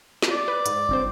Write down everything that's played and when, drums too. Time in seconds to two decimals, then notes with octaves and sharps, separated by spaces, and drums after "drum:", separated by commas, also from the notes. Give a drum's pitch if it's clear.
0.22 drum: snare
0.32 D5
0.48 B4
0.66 G#2, drum: hi-hat
0.89 G1 C4 C5